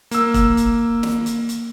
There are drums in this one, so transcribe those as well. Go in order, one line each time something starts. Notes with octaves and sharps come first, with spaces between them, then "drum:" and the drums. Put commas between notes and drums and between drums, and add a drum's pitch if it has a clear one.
A#3 E6, drum: hi-hat
drum: kick, hi-hat
drum: hi-hat
drum: snare
drum: hi-hat
drum: hi-hat